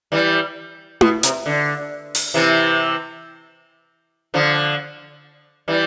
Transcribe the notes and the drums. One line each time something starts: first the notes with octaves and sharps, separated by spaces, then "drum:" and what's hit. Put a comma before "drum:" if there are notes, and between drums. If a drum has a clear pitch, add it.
E3 G3
B2, drum: tom E4
C3, drum: hi-hat
D3
drum: open hi-hat
C3 E3
D3 F3
E3 G3